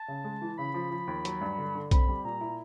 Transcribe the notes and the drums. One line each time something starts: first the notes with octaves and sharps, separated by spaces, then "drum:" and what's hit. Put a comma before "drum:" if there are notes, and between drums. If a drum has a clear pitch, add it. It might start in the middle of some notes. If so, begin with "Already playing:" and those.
Already playing: A5
C#3
G#3
E3
C#3 B5
F3
F3
D#2
F#3, drum: hi-hat
G2
D3
D3
C4 B5, drum: kick B1, hi-hat
G3
A#2 A#5
E4